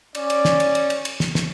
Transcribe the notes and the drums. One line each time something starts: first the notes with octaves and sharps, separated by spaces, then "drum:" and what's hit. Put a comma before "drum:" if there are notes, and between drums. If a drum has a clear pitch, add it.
C#4 D5, drum: cymbal
drum: cymbal
drum: snare
drum: cymbal
drum: cymbal
drum: cymbal
drum: cymbal
drum: snare
drum: snare